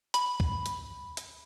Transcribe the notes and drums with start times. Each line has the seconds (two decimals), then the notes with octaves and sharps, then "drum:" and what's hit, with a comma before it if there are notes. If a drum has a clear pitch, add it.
0.14 B5, drum: hi-hat
0.40 drum: kick D2
0.66 drum: hi-hat
1.17 drum: hi-hat